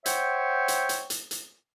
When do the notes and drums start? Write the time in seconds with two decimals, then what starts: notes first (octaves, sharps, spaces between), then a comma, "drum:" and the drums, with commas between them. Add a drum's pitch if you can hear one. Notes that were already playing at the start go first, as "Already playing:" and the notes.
0.06 C5 C#5 E5 F#5 G5 C#6, drum: hi-hat
0.68 drum: hi-hat
0.89 drum: hi-hat
1.10 drum: hi-hat
1.31 drum: hi-hat